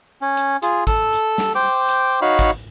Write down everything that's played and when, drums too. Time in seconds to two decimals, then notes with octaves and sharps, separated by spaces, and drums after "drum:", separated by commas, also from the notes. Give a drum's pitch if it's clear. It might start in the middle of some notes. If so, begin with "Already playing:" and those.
0.22 C#4
0.37 drum: hi-hat
0.62 F4 G#4, drum: hi-hat
0.87 A4 E6, drum: kick G#1, hi-hat
1.13 drum: hi-hat
1.38 drum: snare
1.55 C5 G5 D6
1.89 drum: hi-hat
2.22 D#4 F#4 C#5 F5 B5
2.39 drum: kick G#1, hi-hat